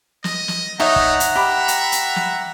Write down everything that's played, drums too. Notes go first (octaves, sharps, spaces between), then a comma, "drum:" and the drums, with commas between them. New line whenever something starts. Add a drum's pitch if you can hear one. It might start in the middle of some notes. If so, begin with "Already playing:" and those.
D#5, drum: snare
drum: snare
A3 D#4 C#5 D#5 E5 F#5 A#5
drum: kick
drum: hi-hat
G4 E5 B5
drum: hi-hat
drum: hi-hat
drum: snare